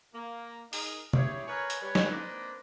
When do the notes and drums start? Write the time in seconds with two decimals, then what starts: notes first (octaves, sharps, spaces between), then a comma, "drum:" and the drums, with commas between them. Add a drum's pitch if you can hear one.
0.14 A#3
0.73 D#4 G#4 A#4, drum: open hi-hat
1.13 G3 E4 G4 G#4 C#5, drum: tom
1.47 G#4 A#4 B4 C#5
1.70 drum: hi-hat
1.81 G3 B4 C#5
1.95 drum: snare
2.12 A#3 C4 D4 B4 C5 D#5